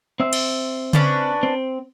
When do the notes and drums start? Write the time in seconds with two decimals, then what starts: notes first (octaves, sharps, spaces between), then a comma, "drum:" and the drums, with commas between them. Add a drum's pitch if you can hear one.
0.20 C4 E5
0.33 drum: cymbal
0.93 C#4 D4 B4, drum: tom C#3
1.43 C4